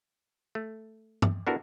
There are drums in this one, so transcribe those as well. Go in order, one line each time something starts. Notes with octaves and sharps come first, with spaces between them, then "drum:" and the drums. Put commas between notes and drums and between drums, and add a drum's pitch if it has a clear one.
A3
drum: tom
B3 D4 E4 F#4 A4 A#4